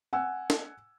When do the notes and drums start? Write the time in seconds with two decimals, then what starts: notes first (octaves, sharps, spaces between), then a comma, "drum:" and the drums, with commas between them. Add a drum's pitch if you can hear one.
0.13 F#5 G#5 E6
0.50 drum: snare